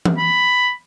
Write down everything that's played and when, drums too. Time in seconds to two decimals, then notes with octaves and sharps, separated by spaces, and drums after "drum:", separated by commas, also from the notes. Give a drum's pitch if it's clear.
0.05 drum: tom E3
0.18 B5